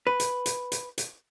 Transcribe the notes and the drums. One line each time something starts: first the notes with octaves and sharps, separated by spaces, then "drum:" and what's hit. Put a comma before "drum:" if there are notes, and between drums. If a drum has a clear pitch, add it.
B4
drum: hi-hat
drum: hi-hat
drum: hi-hat
drum: hi-hat